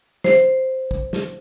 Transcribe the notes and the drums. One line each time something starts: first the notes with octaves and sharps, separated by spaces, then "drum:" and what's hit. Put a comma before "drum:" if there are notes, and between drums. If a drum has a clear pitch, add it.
C5, drum: snare
drum: kick
drum: snare